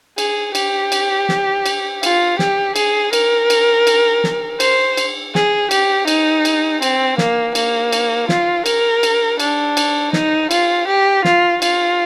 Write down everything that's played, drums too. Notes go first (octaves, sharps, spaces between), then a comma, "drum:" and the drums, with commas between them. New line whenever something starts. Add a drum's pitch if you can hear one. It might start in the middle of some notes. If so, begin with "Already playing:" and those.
G#4, drum: cymbal
G4, drum: cymbal
drum: cymbal
drum: snare
drum: cymbal
F4, drum: cymbal
G4, drum: snare
G#4, drum: cymbal
A#4, drum: cymbal
drum: cymbal
drum: cymbal
drum: snare
C5, drum: cymbal
drum: cymbal
G#4, drum: snare
G4, drum: cymbal
D#4, drum: cymbal
drum: cymbal
C4, drum: cymbal
A#3, drum: snare
A#3, drum: cymbal
drum: cymbal
F4, drum: snare
A#4, drum: cymbal
drum: cymbal
D4, drum: cymbal
drum: cymbal
D#4, drum: snare
F4, drum: cymbal
G4
F4, drum: snare
F4, drum: cymbal